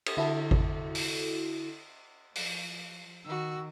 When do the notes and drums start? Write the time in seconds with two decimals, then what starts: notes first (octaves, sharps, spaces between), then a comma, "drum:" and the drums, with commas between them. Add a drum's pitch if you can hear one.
0.06 drum: cymbal
0.17 D3 E4 F#4 A4
0.51 drum: kick G#1
0.95 drum: open hi-hat
2.35 F3, drum: open hi-hat
3.25 D#3 F#4 E6